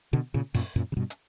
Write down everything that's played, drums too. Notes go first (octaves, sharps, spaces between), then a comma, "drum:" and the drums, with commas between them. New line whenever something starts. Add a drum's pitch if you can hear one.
B2 D3
A#2 C#3
F#2 A#2, drum: open hi-hat
F#2 A#2
C#3
G2 B2
drum: hi-hat